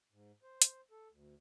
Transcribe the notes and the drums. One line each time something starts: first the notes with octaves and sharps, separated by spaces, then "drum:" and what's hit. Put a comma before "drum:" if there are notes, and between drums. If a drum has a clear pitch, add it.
G#2
C5
drum: hi-hat
A4
D2